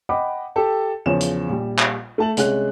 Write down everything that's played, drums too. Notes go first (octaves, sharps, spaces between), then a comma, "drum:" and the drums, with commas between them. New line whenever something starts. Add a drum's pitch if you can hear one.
D#5 F#5 G5 B5 D6
G4 A4 G5 A5
E2 C#3 F3 C#5 E7
drum: hi-hat
A#1 G3
drum: clap
A3 A5 F#7
C2 G#3 C#4 G#4 F#6, drum: hi-hat